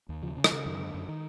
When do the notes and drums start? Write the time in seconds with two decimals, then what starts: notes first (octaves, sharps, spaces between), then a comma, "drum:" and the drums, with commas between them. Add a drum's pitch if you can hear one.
0.09 D#2
0.23 C#3 F3
0.37 C#3
0.44 E3, drum: rim click
0.52 C#3
0.66 F#2 D#3
0.79 D3
0.94 F#2
1.08 D#3